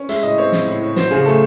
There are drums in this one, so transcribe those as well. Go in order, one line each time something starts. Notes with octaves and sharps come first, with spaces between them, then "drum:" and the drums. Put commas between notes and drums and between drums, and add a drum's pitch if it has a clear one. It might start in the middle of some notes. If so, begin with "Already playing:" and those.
Already playing: C#4
G#3 E5, drum: hi-hat
A2 D#5
C4 C#5
A2, drum: snare
A2
A2
F#3 C5, drum: snare
C#3 G#4
A3 A4